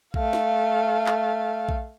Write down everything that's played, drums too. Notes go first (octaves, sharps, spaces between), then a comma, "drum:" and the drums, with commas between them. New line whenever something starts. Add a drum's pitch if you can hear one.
A3 F5, drum: kick A#1
drum: snare
drum: clap
drum: kick A#1